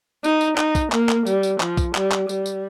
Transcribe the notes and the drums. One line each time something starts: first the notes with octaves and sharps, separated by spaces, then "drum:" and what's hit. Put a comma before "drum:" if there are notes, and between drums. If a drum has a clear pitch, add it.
D#4, drum: tambourine
drum: tambourine
D#4, drum: clap
drum: kick, tambourine
A#3, drum: clap
drum: clap
G3, drum: tambourine
drum: tambourine
F3, drum: clap
drum: kick, tambourine
G3, drum: clap
drum: clap
G3, drum: tambourine
drum: tambourine